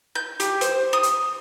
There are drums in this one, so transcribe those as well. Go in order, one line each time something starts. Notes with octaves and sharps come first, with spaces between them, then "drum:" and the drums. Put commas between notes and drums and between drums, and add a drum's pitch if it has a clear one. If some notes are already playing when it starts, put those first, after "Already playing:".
G6
G4, drum: hi-hat
C5, drum: hi-hat
D#6
drum: hi-hat